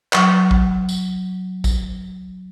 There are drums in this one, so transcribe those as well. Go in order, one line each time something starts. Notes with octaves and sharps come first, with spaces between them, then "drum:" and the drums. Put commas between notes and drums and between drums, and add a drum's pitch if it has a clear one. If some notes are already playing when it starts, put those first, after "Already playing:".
F#3 C#6, drum: clap
drum: kick A#1
drum: tambourine
drum: kick A#1, tambourine